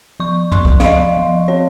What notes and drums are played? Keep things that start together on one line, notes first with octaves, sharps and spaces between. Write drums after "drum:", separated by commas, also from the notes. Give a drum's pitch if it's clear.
F3 C#6
F3 C6, drum: tom F#2
drum: kick
F5, drum: snare
F3 D#5
F3
C4 C#5